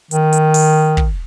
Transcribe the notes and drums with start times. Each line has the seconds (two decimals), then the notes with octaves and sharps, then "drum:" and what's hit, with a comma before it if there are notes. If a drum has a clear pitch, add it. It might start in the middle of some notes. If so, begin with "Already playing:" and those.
0.11 D#3, drum: hi-hat
0.33 drum: hi-hat
0.54 drum: open hi-hat
0.97 drum: kick